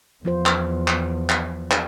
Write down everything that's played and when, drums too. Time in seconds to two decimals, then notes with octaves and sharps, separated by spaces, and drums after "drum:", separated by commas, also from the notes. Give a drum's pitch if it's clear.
0.25 E2 F3 F4 C5
0.46 drum: clap
0.88 drum: clap
1.29 drum: clap
1.71 drum: clap